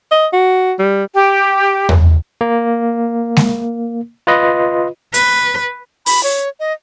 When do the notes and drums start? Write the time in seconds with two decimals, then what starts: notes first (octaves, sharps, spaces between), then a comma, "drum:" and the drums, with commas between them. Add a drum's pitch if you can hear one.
0.11 D#5
0.33 F#4
0.79 G3
1.14 G4 G5
1.89 drum: tom E2
2.41 A#3
3.36 drum: snare G#3
4.27 F4 B4 D#5
5.14 B4, drum: hi-hat
6.06 B5, drum: open hi-hat
6.24 C#5
6.60 D#5